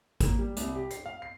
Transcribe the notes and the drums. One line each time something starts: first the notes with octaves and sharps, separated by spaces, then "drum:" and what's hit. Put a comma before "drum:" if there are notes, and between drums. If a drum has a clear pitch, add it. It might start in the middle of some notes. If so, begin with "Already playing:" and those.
A#3, drum: kick, hi-hat
G3
C2, drum: hi-hat
G4
C7, drum: hi-hat
F5
C7